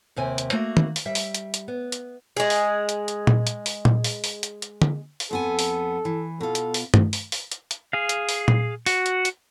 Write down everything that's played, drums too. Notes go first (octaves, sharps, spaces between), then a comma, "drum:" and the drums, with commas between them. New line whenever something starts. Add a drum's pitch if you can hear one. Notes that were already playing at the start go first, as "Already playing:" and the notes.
D#2 C3 G#5
drum: hi-hat
A3 A#3 F#4
drum: tom D#3
drum: open hi-hat
G3 E5
drum: open hi-hat
drum: hi-hat
drum: hi-hat
B3
drum: hi-hat
G#3 G#4
drum: open hi-hat
drum: hi-hat
drum: hi-hat
drum: tom A#2
drum: hi-hat
drum: open hi-hat
drum: tom A#2
drum: open hi-hat
drum: open hi-hat
drum: hi-hat
drum: hi-hat
drum: tom D3
drum: open hi-hat
F2 B3 A4 G#5
drum: open hi-hat
E3
B2 F4 A4
drum: hi-hat
drum: open hi-hat
drum: tom G2
drum: open hi-hat
drum: open hi-hat
drum: hi-hat
drum: hi-hat
G#4 F5
drum: hi-hat
drum: open hi-hat
drum: tom A#2
F#4, drum: open hi-hat
drum: hi-hat
drum: hi-hat